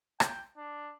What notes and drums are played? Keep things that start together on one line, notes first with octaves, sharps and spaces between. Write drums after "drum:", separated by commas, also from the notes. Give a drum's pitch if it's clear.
G5, drum: rim click
D4